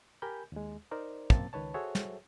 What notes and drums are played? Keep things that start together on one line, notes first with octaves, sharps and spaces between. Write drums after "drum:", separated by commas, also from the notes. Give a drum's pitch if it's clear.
G4 A#4 G#5 B5 G6
D#2 G#3
D#4 A#4 C5 D5
F#2 A#3 C4 A5 A6, drum: kick
C#2 D#3 B4 C#5 A5
F#4 G#4 A4 C5 C#5 E5
drum: snare